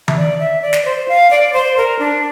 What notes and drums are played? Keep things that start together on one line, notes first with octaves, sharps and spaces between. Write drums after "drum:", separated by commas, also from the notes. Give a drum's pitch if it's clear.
E5, drum: tom D#3
D5
E5
D5
drum: snare
C5
F5
D5
C5
A#4
D4